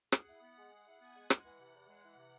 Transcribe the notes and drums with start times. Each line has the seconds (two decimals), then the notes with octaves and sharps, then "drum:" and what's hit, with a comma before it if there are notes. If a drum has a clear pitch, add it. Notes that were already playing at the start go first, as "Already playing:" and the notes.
0.12 G#4 F#5, drum: rim click
0.27 E4
0.41 B3
0.57 G#3
0.71 G#4 F#5
0.86 E4
1.00 B3 G#5
1.15 G#3
1.30 G#3 F#5, drum: rim click
1.45 E3
1.60 C3
1.75 E2
1.88 G#3
2.04 E3
2.17 C3